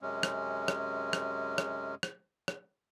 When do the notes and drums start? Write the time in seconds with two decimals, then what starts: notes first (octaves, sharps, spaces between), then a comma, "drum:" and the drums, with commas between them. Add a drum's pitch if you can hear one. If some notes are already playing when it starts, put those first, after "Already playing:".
0.01 F#2 C3 G#3 C#4
0.23 drum: rim click
0.68 drum: rim click
1.13 drum: rim click
1.58 drum: rim click
2.03 drum: rim click
2.48 drum: rim click